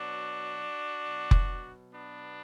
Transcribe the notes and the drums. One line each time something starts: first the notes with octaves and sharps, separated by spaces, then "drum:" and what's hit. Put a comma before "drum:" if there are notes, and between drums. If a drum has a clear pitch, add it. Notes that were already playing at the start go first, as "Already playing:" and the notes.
Already playing: B2 F#3 D4 F#4
B2 F#3
drum: kick F1
B3 D4